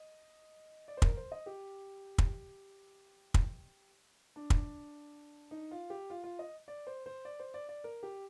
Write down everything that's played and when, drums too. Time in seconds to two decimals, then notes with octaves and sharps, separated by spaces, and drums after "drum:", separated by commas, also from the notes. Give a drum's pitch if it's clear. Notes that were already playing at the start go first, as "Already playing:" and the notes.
Already playing: D#5
0.88 D5
0.97 C5
1.02 A#4, drum: kick
1.17 C5
1.32 D#5
1.46 G4
2.18 drum: kick
3.34 drum: kick
4.36 D4
4.50 drum: kick
5.51 D#4
5.71 F4
5.90 G4
6.10 F4
6.24 F4
6.39 D#5
6.68 D5
6.87 C5
7.06 C5
7.25 D5
7.40 C5
7.54 D5
7.69 D5
7.84 A#4
8.03 G4